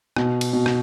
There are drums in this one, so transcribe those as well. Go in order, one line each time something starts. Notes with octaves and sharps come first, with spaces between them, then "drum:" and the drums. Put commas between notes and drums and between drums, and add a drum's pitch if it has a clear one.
B2, drum: rim click
drum: cymbal
B2
drum: rim click